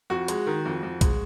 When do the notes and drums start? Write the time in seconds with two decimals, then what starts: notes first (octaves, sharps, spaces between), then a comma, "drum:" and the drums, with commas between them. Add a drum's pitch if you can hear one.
0.10 F2 F#4
0.28 G#3, drum: hi-hat
0.46 D#3
0.66 F2
0.83 F2
1.01 G#3, drum: kick, hi-hat